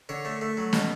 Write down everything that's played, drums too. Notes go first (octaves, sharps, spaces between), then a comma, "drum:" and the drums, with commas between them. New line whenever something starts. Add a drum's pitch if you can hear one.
D3 C#5
A3
A3
F#3
B2, drum: snare